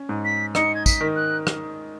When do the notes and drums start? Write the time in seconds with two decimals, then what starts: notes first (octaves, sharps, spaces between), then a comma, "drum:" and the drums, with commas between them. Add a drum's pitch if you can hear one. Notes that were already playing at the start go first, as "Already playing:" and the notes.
Already playing: C#4
0.09 G#2
0.25 B6
0.55 D#4 C#7, drum: rim click
0.75 G#6
0.86 B6, drum: kick, tambourine
1.01 D#3
1.16 F#6
1.47 drum: rim click